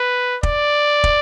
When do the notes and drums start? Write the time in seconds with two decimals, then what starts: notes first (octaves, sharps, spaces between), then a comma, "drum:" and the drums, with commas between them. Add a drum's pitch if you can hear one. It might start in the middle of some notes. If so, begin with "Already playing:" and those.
Already playing: B4
0.43 D5, drum: kick
1.04 drum: kick